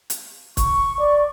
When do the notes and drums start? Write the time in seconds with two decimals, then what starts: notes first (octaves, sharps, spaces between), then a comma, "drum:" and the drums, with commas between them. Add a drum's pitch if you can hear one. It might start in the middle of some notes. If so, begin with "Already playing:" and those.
0.10 drum: hi-hat
0.57 C#6, drum: kick C#1, hi-hat
0.99 D5